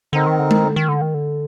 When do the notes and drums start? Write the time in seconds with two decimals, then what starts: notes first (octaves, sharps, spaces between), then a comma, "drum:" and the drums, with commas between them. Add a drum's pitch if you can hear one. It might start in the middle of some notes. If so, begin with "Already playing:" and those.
0.13 D3 C4 D#4 A#4
0.26 D#3
0.39 D3
0.51 D#3, drum: tom G#3
0.64 D3
0.76 D#3
0.89 D3
1.01 D#3
1.14 D3